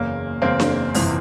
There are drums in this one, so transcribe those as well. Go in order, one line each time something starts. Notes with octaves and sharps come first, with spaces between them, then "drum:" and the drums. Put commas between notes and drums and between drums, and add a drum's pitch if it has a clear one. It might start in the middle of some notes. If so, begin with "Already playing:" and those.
Already playing: F#1 E2 C#3 A#3
F#1 E2 C#3 A#3 C4
drum: snare D4
G1 F2 C3 E3, drum: open hi-hat